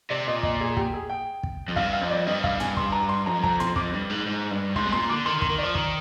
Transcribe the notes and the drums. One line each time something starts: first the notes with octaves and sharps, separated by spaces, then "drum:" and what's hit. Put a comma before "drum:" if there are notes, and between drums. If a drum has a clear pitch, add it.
C3 D5
A#2 D#5
D#5, drum: kick
G#4
G4, drum: kick
G#4
G5
drum: kick
F2
G2 F5, drum: kick
F5
F2
D5
G2 D#5
F5, drum: kick
G#5, drum: tom A2
C6, drum: kick
A#5
C6
F2 A#5
A#5, drum: kick
C6, drum: tom A2
F2 D6, drum: kick
G2
G#2
G#2
G2
G#2 C6, drum: kick
C3
A#2 C6
D3 D6
D#3 C6
D#3
C6, drum: kick
D#3
F3 D5
D#3, drum: kick